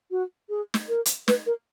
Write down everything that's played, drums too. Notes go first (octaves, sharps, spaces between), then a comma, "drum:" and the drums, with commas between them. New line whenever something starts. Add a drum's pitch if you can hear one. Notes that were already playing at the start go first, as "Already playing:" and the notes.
F#4
G#4
drum: snare
A#4
drum: hi-hat
B4, drum: snare
A#4